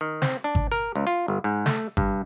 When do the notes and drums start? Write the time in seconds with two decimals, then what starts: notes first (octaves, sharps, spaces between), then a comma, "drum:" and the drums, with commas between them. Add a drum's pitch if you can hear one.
0.01 D#3
0.22 C4, drum: snare
0.44 D4
0.55 drum: kick G#1
0.72 A#4
0.95 C#2
1.07 F4
1.28 G1
1.44 G#2
1.66 A3, drum: snare
1.97 G2, drum: kick G#1